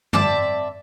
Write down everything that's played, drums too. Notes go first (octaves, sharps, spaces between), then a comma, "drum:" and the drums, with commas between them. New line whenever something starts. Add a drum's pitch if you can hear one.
C4 D5 E5 A5, drum: tom